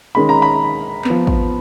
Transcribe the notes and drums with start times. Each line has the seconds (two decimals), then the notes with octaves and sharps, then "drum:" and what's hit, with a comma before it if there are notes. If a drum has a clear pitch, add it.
0.15 D#3 G#3 C#4 B5
0.29 A#5
0.42 B5
1.04 B3, drum: clap
1.10 F3
1.27 drum: kick A1